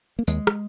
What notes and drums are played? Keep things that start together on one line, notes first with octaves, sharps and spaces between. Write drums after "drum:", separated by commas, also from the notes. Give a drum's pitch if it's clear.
A#3
D#2 G#3, drum: tambourine
drum: rim click